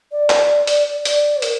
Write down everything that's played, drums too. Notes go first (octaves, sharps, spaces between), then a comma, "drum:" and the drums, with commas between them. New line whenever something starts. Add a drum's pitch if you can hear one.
D5
drum: clap
drum: hi-hat
D5, drum: hi-hat
A#4, drum: hi-hat